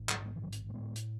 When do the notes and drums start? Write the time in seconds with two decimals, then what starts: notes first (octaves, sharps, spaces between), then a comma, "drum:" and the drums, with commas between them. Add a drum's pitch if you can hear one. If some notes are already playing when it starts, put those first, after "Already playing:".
Already playing: A1
0.09 G#2 F#3 A3, drum: clap
0.21 C#4
0.25 G#3 B3
0.36 E3
0.42 A1 D#3 F#3
0.52 drum: hi-hat
0.70 A3
0.74 A2 G#3 B3
0.96 drum: hi-hat